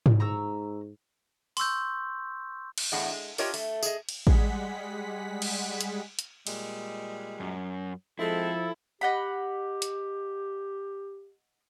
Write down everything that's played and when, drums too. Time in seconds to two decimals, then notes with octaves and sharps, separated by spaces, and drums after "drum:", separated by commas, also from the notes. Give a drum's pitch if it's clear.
0.06 drum: tom G#2
0.20 G#2 A#5 C#6 E6
1.57 C6 C#6 E6 G6, drum: open hi-hat
2.78 drum: cymbal
2.92 E2 A2 D4 G#4 D#5 F#5
3.11 G#3
3.38 D4 F4 G4 A#4 C#5 D#5, drum: open hi-hat
3.54 A3, drum: open hi-hat
3.83 G#4 D#5, drum: tambourine
4.09 drum: cymbal
4.27 G3 G#3 G#4 F#5 B6, drum: kick A1
5.42 drum: cymbal
5.81 drum: hi-hat
6.19 drum: hi-hat
6.47 A#2 G3 G#3, drum: cymbal
7.40 F#2
8.19 F3 G#3 C4 E4 A4
9.01 G4 D#5 F#5 B5
9.82 drum: hi-hat